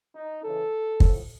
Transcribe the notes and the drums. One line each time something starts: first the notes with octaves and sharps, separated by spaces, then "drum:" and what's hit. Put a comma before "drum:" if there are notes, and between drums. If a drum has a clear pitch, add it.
D#4
C#3 E3 A4
A2 F3, drum: kick